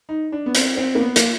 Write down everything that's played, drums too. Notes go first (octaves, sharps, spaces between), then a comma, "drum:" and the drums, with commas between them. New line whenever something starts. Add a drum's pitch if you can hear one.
D#4
D4
B3
C4, drum: hi-hat
C4
A#3
B3
A#3, drum: hi-hat